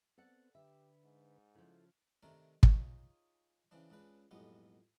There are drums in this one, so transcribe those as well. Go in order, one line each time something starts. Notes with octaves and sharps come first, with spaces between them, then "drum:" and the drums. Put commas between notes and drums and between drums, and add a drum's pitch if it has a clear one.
B3 C4 A4 D5 F#5
D3 G4 B4 E5
G#2
C#3 F3 E4 A4
C3 D#3 A3 D4 A#4
D#4 F4 G#4 C#5, drum: kick
C#3 E3 C4 D4
C#2 C#3 D4 B4
B1 F2 A2 G#3 B3 G4